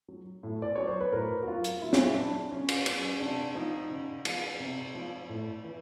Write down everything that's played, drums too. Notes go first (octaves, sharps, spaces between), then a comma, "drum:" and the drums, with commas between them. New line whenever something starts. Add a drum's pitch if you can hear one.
F#3
A2
D5
F#3 C#5
C5
B4
A2 A#4
F#4
F#3 F4
drum: hi-hat
A#2 E4
F4, drum: snare
E4
F#3 D4
C#3 C#4
drum: cymbal
F#3 C#4, drum: cymbal
C3 D4
F3 D#4
C#3
F3, drum: cymbal
C3
F3
A2
E3